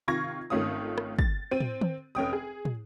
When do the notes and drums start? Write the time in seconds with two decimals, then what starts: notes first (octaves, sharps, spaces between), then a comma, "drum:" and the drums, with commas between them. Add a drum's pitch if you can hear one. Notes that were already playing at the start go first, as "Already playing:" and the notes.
0.08 C3 D#3 F4 C#6 G#6 A#6
0.50 G#1 D#3 A3 C#4 F4 D#6
0.98 drum: rim click
1.19 A6, drum: kick
1.51 C4 D#7
1.60 drum: tom
1.81 drum: tom
2.15 F1 C#4 G5 D#6
2.33 G#4
2.65 drum: tom